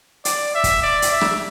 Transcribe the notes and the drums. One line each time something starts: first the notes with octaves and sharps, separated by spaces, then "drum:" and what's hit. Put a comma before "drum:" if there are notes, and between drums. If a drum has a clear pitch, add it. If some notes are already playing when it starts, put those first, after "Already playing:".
D5, drum: hi-hat
E5
drum: kick, hi-hat
D5
drum: hi-hat
E5
drum: rim click